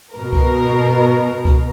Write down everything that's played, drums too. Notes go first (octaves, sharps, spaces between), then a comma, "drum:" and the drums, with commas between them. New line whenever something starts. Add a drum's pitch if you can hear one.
B2 A#4
drum: kick C#2
drum: kick C#2